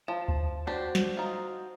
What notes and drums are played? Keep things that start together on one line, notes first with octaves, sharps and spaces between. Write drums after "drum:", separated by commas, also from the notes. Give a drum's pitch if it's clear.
F3 A5
drum: kick D2
D4 F#4 G4 C5
drum: snare
D#4 F4